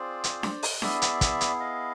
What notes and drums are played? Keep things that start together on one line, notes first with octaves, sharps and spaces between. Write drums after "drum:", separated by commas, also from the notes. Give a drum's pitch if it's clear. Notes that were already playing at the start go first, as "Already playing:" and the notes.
Already playing: C4 F4 G#4 C5 D5
drum: hi-hat
drum: snare D4
drum: open hi-hat
B3 E4 G#4 D5 E5, drum: snare D4
drum: hi-hat
drum: kick, hi-hat
drum: hi-hat
D#5 F5